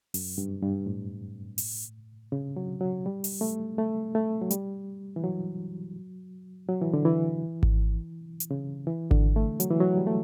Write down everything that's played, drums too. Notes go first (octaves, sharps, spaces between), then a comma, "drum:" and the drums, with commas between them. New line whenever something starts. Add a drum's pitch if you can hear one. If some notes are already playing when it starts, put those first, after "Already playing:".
F#2, drum: open hi-hat
G2
G2
A2
drum: open hi-hat
C#3
F#3
F#3
G3
drum: open hi-hat
A3
A3
A3
F#3
G3, drum: hi-hat
E3
F#3
F#3
E3
D3
E3
drum: kick G#1
drum: hi-hat
C#3
E3
D3, drum: kick G#1
A3
F#3, drum: hi-hat
E3
F#3
G3
A3